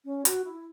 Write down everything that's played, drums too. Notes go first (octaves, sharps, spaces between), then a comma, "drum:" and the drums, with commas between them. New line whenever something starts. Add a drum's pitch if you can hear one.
C#4
F#4, drum: hi-hat
E4